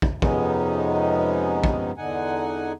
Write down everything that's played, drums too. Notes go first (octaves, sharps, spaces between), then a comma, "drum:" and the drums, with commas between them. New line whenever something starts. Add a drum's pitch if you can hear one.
drum: kick
F2 C3 G#3 B3 C#4 D#4, drum: kick
drum: kick
E2 D3 D#4 F#5 G#5